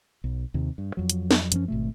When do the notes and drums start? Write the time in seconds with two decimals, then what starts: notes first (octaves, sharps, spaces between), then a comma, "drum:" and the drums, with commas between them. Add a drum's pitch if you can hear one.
0.24 B1
0.54 D#2 C3
0.78 G2
0.97 F2 F#3
1.09 drum: hi-hat
1.31 drum: snare
1.52 F#2 F3 C#4, drum: hi-hat
1.68 G#1 B2 A3